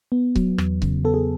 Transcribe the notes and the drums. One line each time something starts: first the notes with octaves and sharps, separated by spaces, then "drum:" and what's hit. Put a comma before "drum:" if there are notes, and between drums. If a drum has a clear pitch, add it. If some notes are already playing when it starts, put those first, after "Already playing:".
B3
F#3, drum: kick C#1
E2, drum: rim click
C#3, drum: kick C#1
B3 A4
G#4